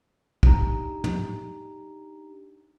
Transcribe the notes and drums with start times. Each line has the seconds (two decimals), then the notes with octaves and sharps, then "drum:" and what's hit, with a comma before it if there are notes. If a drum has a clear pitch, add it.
0.43 D4 D#4 G4 A#5, drum: kick
1.04 drum: tom